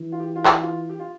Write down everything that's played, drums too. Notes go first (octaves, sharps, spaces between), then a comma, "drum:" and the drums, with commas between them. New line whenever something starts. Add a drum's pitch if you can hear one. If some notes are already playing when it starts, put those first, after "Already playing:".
Already playing: E3
F4
G4
F4
G4, drum: clap
F4
G4
F4